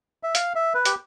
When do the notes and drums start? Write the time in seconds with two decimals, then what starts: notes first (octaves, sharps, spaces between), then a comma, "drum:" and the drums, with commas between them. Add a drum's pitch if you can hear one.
0.23 E5
0.35 F5, drum: hi-hat
0.55 E5
0.74 B4
0.85 G4, drum: hi-hat